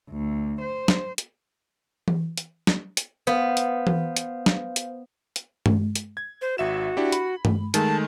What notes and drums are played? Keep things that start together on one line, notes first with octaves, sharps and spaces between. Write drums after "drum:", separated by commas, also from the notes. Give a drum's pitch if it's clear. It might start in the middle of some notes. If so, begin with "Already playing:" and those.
D2
C5
drum: snare
drum: hi-hat
drum: tom E3
drum: hi-hat
drum: snare
drum: hi-hat
B3 C5 F5
drum: hi-hat
drum: tom E3
drum: hi-hat
drum: snare
drum: hi-hat
drum: hi-hat
drum: tom G2
drum: hi-hat
G#6
C5
G#1 F#4 E5 E7
D4 E4 G4
B5, drum: hi-hat
drum: tom G2
D#3 G#3 A3 A5, drum: hi-hat